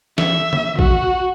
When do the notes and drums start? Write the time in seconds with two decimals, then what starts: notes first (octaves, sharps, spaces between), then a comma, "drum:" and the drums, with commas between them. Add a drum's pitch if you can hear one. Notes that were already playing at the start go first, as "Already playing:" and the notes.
0.18 E5, drum: snare
0.53 drum: tom
0.79 F#4, drum: kick